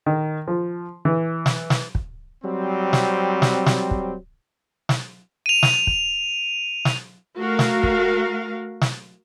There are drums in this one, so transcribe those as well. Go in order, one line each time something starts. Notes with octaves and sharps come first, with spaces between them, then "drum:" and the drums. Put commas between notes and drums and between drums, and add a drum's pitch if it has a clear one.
D#3
F3
E3
drum: snare
drum: snare
drum: kick
F#3 G3 C4
drum: snare
drum: snare
drum: snare
drum: kick
drum: snare
D#7 F7
drum: snare
drum: kick
drum: snare
A3 F#4 A#4 F5
drum: snare
drum: kick
drum: snare